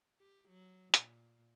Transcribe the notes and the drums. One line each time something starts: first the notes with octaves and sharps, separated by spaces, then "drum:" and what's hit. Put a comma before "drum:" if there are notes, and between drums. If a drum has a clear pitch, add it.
G4
F#3
A#2, drum: hi-hat